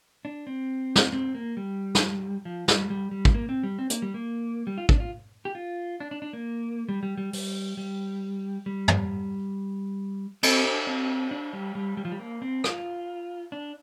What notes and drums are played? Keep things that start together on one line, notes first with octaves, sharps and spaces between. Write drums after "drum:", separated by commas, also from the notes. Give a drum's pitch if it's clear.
D4
C4
drum: snare
C4
A#3
G3
drum: snare
F3
G3, drum: snare
G3
G3
drum: kick
A#3
C4
G3
C4
A#3, drum: hi-hat
G3
A#3
G3
F4
D4, drum: kick
F4
G4
F4
D4
D4
D4
A#3
G3
G3
G3
G3, drum: open hi-hat
G3
G3
drum: tom
C4, drum: cymbal
D4
C4
D4
G3
G3
G3
F3
G3
A#3
C4
F4, drum: rim click
D4